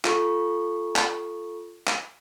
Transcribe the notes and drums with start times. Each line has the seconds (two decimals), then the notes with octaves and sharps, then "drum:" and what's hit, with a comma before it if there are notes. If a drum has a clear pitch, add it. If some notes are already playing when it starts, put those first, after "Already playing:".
0.05 F4 A4 C#6, drum: clap
0.96 drum: clap
1.87 drum: clap